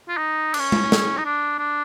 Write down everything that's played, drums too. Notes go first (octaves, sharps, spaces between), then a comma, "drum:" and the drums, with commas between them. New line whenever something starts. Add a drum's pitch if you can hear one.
F4
D#4
D4, drum: cymbal
C#4
drum: tom G#3
drum: snare
D#4
D4
D4